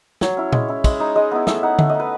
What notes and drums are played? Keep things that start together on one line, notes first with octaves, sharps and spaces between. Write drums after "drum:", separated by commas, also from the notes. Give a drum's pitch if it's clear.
F#3 C#5, drum: snare
C#4 E4
G#3, drum: tom A#2
C#4 E4
G#3, drum: kick, cymbal
D#4
G#3 D#5
B3 E4
A3 E5, drum: snare
D#4 F#5
A3 E5, drum: tom D3
D#4 D#5
B4